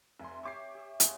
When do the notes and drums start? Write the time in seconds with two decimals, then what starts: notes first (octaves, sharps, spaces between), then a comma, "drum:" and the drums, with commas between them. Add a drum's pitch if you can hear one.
0.20 F1 E5 G#5 C6
0.43 G4 C#5 E5 C#6 D6 C7
0.75 G4 E5
1.00 C2 G#3 C#5 F5, drum: hi-hat